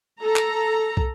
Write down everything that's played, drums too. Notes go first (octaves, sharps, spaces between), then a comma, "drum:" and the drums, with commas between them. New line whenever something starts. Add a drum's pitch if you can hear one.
A4 A#5
drum: clap
drum: kick